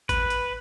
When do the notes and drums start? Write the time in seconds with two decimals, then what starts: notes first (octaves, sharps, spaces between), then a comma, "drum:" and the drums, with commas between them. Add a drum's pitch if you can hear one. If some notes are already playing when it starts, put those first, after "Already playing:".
0.09 B4, drum: kick, hi-hat
0.30 drum: hi-hat